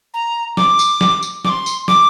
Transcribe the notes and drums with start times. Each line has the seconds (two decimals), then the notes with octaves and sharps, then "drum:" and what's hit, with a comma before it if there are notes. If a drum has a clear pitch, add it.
0.14 A#5
0.57 D6, drum: snare
0.79 drum: tambourine
1.01 drum: snare
1.23 drum: tambourine
1.45 D6, drum: snare
1.49 C6
1.66 drum: tambourine
1.88 D6, drum: snare